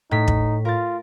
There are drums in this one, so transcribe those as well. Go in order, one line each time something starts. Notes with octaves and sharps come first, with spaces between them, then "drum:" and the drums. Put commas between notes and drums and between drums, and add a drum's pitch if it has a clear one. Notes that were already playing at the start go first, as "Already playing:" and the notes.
A2 D#4 B6
drum: kick
F4 A#4 A6